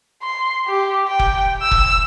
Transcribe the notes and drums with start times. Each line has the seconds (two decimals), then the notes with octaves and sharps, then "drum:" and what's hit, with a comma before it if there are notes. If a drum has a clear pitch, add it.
0.22 C6
0.67 G4
1.08 G5
1.19 drum: kick F1
1.62 E6
1.71 drum: kick F1